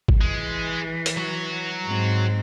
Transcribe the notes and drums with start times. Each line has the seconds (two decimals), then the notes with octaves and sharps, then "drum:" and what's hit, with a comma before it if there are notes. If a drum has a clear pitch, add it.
0.08 drum: kick G#1
0.21 E3 G#3
1.06 drum: hi-hat
1.17 F#3 F#4
1.86 G#2 C4